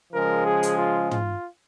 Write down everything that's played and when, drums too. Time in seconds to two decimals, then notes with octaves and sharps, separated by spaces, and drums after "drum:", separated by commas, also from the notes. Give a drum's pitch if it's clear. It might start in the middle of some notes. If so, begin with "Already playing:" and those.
0.12 C#3 F3 G#3 A#4
0.46 G#4
0.63 drum: hi-hat
0.78 F4
1.11 F4, drum: tom